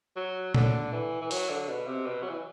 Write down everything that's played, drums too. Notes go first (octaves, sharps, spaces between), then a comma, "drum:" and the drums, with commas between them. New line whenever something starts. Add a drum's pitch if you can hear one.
F#3
D3, drum: tom A#2
E3
E3
F#3, drum: open hi-hat
D3
B2
C3
B2
F#3
E3